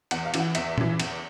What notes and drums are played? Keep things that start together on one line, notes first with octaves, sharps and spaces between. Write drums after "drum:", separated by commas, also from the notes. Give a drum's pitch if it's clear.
E2 F#5, drum: cymbal
F5
C#3 E3, drum: cymbal
F#5
E2 E5, drum: cymbal
C#3 E3, drum: tom
E2, drum: cymbal